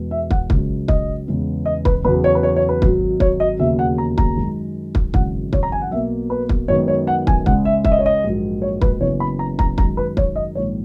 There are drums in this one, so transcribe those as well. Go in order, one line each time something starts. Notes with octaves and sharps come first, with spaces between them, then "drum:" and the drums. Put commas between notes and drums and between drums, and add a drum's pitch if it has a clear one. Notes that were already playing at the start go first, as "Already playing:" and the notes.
Already playing: E2 B2 G#3 B3
E5
F#5, drum: kick
C#2 C#3 F#3, drum: kick
D#5, drum: kick
E2 C#3 G#3 B3
D#5
B4, drum: kick
E2 C#3 F#3 B4
C#5
B4
C#5
C#5
B4
G#1 G#2 F#3, drum: kick
C#5, drum: kick
D#5
E1 D#2 C#3 F#3 E5
F#5
A#5
A#5, drum: kick
F#2 D#3 G#3
drum: kick
G#1 F#2 C#3 E3 G#3 F#5, drum: kick
C#5, drum: kick
A#5
G#5
F#5
B1 B2 A#3 E5
B4
drum: kick
F#2 D#3 G#3 B3 C#5
C#5
F#5
G#5, drum: kick
C#2 C#3 G#3 F#5, drum: kick
E5
E5, drum: kick
D#5
C#5
D#5
A#1 G#2 F#3 A#3
C#5
B4, drum: kick
F#1 F#2 C#3 E3 B3 C#5
B5
A#5
A#5, drum: kick
F#2 D#3 G#3 A#5, drum: kick
B4
C#5, drum: kick
D#5
A#1 G#2 D#3 C#5